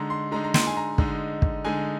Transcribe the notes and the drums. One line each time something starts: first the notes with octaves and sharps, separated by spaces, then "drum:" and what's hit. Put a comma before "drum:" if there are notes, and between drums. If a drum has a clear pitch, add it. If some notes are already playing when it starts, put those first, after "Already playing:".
Already playing: D3 G#3 D#4 A#5 C6
C6
D3 G#3 D#4 A#5
A#5
C6, drum: snare
G#5
A#5
D3 G#3 D#4, drum: kick
drum: kick
D3 G#3 D#4 G#5